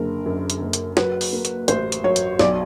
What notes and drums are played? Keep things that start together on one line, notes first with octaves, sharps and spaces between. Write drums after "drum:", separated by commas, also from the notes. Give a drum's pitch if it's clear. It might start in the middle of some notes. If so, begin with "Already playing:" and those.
Already playing: F#1 D3 A#4
F#2
drum: hi-hat
F#1
drum: hi-hat
F#3 B4, drum: snare
drum: open hi-hat
A#3
drum: hi-hat
A1 C5, drum: hi-hat
drum: hi-hat
F#3 C#5
drum: hi-hat
B1 D5, drum: snare